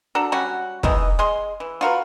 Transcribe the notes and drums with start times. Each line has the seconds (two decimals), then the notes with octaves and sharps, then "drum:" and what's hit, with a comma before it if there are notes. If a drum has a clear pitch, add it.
0.15 D4 F#4 A4 A#5
0.32 F#3 G3 C#4 F#4
0.83 D#3 E3 G#3 D#4, drum: kick
1.19 G#3 G#4 C6
1.60 E3
1.81 F4 F#4 A#4 B4